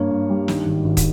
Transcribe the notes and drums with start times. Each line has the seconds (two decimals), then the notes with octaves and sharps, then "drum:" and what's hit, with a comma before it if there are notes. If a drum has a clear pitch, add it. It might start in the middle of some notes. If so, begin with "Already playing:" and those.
Already playing: G2 A#3 C#5
0.11 G2
0.29 G3
0.48 D#3, drum: snare
0.66 G#1
0.84 G#1
0.97 drum: kick, hi-hat